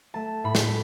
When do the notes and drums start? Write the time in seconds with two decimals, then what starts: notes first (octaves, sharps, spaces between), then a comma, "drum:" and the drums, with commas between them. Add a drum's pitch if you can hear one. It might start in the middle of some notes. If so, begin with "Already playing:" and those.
0.14 A3 A5
0.44 A2 B5
0.55 drum: snare